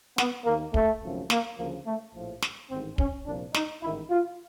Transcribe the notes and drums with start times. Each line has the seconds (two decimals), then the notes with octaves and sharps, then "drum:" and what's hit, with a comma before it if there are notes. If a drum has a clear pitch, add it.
0.18 B3, drum: snare
0.46 D#2 D#3 A#3
0.74 A3, drum: kick
1.02 G#1 F#2 C#3 F3
1.30 A#3, drum: snare
1.58 D2 C#3 F3 A#3
1.86 A3
2.15 A#1 A2 F3
2.42 drum: snare
2.71 A1 G#2 D#3 C4
2.98 C#4, drum: kick
3.26 C2 A#2 F3 D4
3.54 D#4, drum: snare
3.83 A1 G#2 D#3 E4
4.10 F4